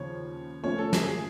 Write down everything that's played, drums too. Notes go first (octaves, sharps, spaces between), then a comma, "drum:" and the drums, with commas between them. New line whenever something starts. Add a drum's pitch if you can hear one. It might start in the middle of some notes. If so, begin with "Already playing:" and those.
Already playing: D#2 C#3 F3 C#5
A#2 F3 A3 C#4 F4 C#5
A4
G#4, drum: snare
G#4